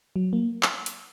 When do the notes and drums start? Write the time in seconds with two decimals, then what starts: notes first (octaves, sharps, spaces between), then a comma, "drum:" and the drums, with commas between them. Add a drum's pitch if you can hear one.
0.16 F#3
0.33 A#3
0.63 drum: clap
0.86 drum: hi-hat